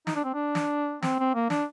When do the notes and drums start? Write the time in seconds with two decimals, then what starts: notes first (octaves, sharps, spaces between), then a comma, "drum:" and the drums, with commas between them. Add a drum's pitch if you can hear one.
0.07 D#4, drum: snare
0.15 D4
0.24 C4
0.34 D4
0.55 drum: snare
1.02 C4, drum: snare
1.19 C4
1.35 A#3
1.50 D4, drum: snare